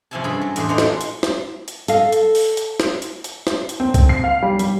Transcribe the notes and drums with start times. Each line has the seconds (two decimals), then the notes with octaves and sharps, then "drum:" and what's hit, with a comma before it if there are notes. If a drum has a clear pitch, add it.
0.11 C3 F3 C#4 E4 G#5 A5
0.24 G2 G#4 B5
0.41 F#3
0.56 E2 A2 D4 G#4 C5, drum: hi-hat
0.69 E2 E3 D#4 C5 D5 F#5
0.78 drum: snare
1.01 drum: hi-hat
1.23 drum: snare
1.68 drum: hi-hat
1.88 A4 D#5 F5, drum: hi-hat
2.12 drum: hi-hat
2.35 drum: open hi-hat
2.57 drum: hi-hat
2.80 drum: snare
3.02 drum: hi-hat
3.24 drum: hi-hat
3.47 drum: snare
3.69 drum: hi-hat
3.80 C4
3.94 C4, drum: kick, hi-hat
4.09 C7
4.24 F5
4.43 G3
4.59 G3, drum: hi-hat